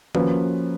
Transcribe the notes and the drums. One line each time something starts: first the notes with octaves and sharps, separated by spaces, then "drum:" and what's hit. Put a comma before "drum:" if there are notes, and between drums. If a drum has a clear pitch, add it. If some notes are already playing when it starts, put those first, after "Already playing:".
F3 A#3 C#4 F#4 B4, drum: tom D#3